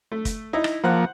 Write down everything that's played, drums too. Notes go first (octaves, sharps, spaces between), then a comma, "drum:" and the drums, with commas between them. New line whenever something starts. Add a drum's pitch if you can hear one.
A3
drum: kick, hi-hat
D#4 E4
drum: rim click
F3 A#3 C5 F#5 F#6